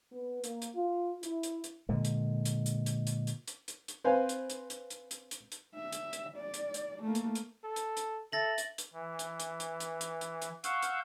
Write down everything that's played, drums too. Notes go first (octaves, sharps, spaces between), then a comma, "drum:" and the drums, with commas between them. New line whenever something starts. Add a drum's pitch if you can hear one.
B3
A#3, drum: hi-hat
drum: hi-hat
F4
E4, drum: hi-hat
drum: hi-hat
drum: hi-hat
A#2 D3 G#3
drum: hi-hat
drum: hi-hat
drum: hi-hat
drum: hi-hat
drum: hi-hat
drum: hi-hat
drum: hi-hat
drum: hi-hat
drum: hi-hat
C4 B4 C5 F5 G#5
drum: hi-hat
drum: hi-hat
drum: hi-hat
drum: hi-hat
drum: hi-hat
drum: hi-hat
drum: hi-hat
E5
drum: hi-hat
drum: hi-hat
D5
drum: hi-hat
drum: hi-hat
A3 A#3
drum: hi-hat
drum: hi-hat
A4
drum: hi-hat
drum: hi-hat
A4 E5 A6 A#6 F#7
drum: hi-hat
drum: hi-hat
E3
drum: hi-hat
drum: hi-hat
drum: hi-hat
drum: hi-hat
drum: hi-hat
drum: hi-hat
drum: hi-hat
F5 F#5 C#6 E6 G6, drum: hi-hat
drum: hi-hat